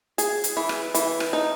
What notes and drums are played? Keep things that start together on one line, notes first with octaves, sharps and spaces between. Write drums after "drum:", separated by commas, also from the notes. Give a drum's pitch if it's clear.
G#4, drum: hi-hat
drum: hi-hat
E3
drum: rim click
E3, drum: hi-hat
drum: rim click
D#4